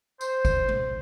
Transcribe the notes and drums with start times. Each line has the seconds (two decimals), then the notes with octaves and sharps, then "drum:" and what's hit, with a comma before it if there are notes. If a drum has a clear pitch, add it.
0.21 C5, drum: tambourine
0.45 drum: kick, tambourine
0.69 drum: tom B2